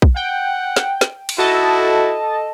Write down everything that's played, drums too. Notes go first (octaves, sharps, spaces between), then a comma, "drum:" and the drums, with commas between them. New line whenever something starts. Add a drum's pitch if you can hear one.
drum: kick A#1
F#5 G5
drum: snare
drum: snare
drum: cymbal
E4 F#4 A4 D#5 A5